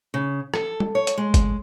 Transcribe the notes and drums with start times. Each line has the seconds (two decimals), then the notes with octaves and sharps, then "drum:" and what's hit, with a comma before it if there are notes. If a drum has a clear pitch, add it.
0.14 C#3
0.54 A4, drum: rim click
0.80 drum: tom G3
0.95 C#5
1.07 drum: hi-hat
1.18 G#3
1.34 drum: kick, hi-hat